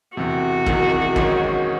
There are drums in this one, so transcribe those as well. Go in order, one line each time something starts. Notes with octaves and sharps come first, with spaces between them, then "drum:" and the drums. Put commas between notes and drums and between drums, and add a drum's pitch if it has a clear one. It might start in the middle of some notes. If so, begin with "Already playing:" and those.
E1 E2 C3 F#4
E1 E2 C3 D#3 F#3, drum: kick
G#1 G#2 D#3 F#3 C#4, drum: kick